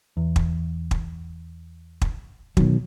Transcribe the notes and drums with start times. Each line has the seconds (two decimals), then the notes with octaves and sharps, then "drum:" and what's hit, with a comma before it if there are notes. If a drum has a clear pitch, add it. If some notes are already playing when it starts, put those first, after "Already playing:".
0.17 E2
0.36 drum: kick
0.91 drum: kick
2.02 drum: kick
2.57 B2 D#3 F#3, drum: kick